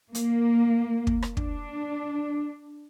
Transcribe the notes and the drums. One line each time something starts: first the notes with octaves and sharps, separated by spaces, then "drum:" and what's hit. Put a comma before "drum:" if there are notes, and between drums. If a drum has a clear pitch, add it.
A#3, drum: hi-hat
drum: kick
drum: rim click
D4, drum: kick